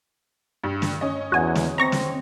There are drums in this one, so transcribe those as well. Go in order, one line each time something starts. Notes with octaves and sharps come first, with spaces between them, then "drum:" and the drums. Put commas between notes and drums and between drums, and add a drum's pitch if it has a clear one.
G2
drum: snare
C#4 D#5
E2 F#4 G#5
drum: snare
C4 A#5 C#6 A#6
drum: snare